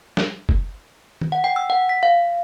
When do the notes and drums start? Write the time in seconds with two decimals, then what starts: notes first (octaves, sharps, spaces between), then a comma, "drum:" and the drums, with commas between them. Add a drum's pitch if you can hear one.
0.17 drum: snare
0.49 drum: kick F#1
1.21 drum: tom
1.32 F#5
1.44 G5
1.56 E6
1.70 F#5
1.89 B6
2.03 F5